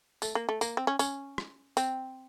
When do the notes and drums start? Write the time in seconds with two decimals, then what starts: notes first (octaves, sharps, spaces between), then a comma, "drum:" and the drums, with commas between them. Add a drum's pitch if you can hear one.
0.22 A3, drum: tambourine
0.35 A#3
0.49 A3
0.61 A#3, drum: tambourine
0.77 C4
0.87 C#4
0.99 C#4, drum: tambourine
1.38 drum: rim click
1.77 C4, drum: tambourine